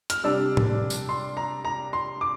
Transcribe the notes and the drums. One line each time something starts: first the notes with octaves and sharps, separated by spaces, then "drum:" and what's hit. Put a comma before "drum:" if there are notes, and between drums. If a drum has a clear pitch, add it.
F6, drum: hi-hat
C3 G3 D4 E6
drum: tom A2
drum: tambourine
C6
A#5
A#5
C6
D6